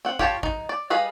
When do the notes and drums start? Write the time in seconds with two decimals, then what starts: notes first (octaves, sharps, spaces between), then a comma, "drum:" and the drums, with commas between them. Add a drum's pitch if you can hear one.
0.05 C4 F#5
0.19 F4 G4 C#5 G5 A5, drum: kick G#1
0.43 D#4, drum: kick G#1
0.69 D5
0.90 G3 G#4 B4 D#5 F5